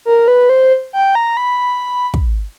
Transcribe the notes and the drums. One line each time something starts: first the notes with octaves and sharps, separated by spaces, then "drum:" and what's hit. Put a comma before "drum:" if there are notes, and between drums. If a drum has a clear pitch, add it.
A#4
B4
C5
G5
A#5
B5
drum: kick